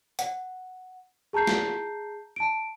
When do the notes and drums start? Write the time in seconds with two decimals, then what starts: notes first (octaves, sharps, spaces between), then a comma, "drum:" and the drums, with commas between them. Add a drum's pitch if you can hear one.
0.19 F#5, drum: hi-hat
1.33 G#4 A5 A#5 G6 C7
1.47 drum: snare
2.36 A5 D7